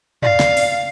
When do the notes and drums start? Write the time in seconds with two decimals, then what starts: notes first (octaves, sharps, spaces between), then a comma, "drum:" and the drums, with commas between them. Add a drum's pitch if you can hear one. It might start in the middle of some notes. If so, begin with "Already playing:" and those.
0.22 D5 F5, drum: tom
0.40 drum: snare
0.57 drum: open hi-hat